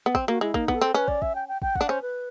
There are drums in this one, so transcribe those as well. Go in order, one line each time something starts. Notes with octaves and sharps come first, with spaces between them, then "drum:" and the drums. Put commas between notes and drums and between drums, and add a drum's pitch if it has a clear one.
B3
C4, drum: kick
A#3 F#4
G#3 E4
A#3 D#4, drum: kick
B3, drum: kick
A4
C4
C#4 B4
D5, drum: kick
E5, drum: kick
G5
G5
G5, drum: kick
F#5, drum: kick
D4
C#4 C5
B4